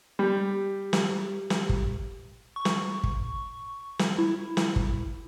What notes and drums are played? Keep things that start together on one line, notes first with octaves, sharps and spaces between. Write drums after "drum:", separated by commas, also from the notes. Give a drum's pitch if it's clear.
G3 G4
drum: snare
drum: snare
drum: kick
C#6
drum: snare
drum: kick
drum: snare
E4
drum: snare
drum: kick